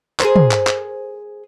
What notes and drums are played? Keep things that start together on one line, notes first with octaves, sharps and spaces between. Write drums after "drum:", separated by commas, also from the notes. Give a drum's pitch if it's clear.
G#4 A#4 C5, drum: clap
drum: tom
drum: clap
drum: clap